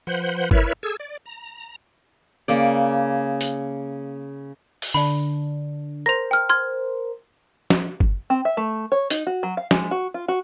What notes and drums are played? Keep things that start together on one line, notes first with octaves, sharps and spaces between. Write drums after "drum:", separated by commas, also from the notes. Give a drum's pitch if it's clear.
F3 B4 C5 F#5 G6
E4 A#4 B4 C#5 E5, drum: kick G1
G#4 A4 E6 G#6
D5
A#5
C#3 A#3 D5
drum: hi-hat
drum: open hi-hat
D3 D4 B5
A#4 C5 A#6 F7
G5 F6
C6 F6 G#6
drum: snare
drum: kick G1
C4
E5
A3
C#5
D#4, drum: hi-hat
F#4
F#3
F5
G#3, drum: snare
F#4
F4
F#4